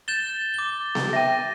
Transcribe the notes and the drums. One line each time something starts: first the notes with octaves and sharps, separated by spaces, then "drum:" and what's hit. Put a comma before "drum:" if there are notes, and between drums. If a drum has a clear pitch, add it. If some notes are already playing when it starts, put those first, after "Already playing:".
G6 A6 E7 G7
D6 G7
drum: snare B3
E5 G5 A#6 D#7
D#7